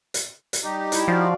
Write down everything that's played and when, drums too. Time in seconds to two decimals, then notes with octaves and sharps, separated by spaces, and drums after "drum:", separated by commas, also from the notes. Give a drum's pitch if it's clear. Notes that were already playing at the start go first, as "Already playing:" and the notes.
0.14 drum: hi-hat
0.53 drum: hi-hat
0.64 G3 D#4 G4
0.92 E4, drum: hi-hat
1.08 F3 F#4 D5 F5